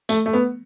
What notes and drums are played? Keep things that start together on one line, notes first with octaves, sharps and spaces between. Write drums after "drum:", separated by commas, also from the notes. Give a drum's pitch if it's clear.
A3, drum: tambourine
A3
B3